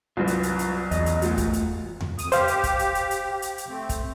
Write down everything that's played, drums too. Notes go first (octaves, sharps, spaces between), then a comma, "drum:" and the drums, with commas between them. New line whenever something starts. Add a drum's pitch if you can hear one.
C2 F#2 F4 F#4 B4
drum: hi-hat
drum: hi-hat
drum: hi-hat
E2 D#5, drum: hi-hat
drum: hi-hat
A3 F4 F#4, drum: hi-hat
drum: kick, hi-hat
drum: hi-hat
drum: tom E2
F2 D#6, drum: hi-hat
G4 C5 F5, drum: hi-hat
drum: hi-hat
drum: kick, hi-hat
drum: hi-hat
drum: hi-hat
drum: hi-hat
drum: hi-hat
drum: hi-hat
A3 C4
drum: kick, hi-hat